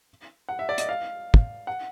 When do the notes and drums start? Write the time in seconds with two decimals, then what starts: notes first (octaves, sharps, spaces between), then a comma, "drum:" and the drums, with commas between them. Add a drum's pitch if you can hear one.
0.49 F#5
0.59 E5
0.69 D5
0.78 D#5, drum: hi-hat
0.89 F5
1.34 drum: kick
1.67 F#5